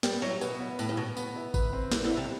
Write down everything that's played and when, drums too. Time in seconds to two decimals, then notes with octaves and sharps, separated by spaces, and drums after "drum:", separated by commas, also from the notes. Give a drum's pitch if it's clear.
0.03 G3 B4, drum: snare
0.22 F#3 E4
0.41 B2 B3, drum: tambourine
0.60 B3
0.79 A2 B3, drum: tambourine
0.89 G2
0.97 B2 B4
1.17 B3, drum: tambourine
1.36 E4
1.54 B4, drum: kick G#1, tambourine
1.73 C4
1.92 E3 G3, drum: snare
2.04 D3
2.11 E4
2.17 C3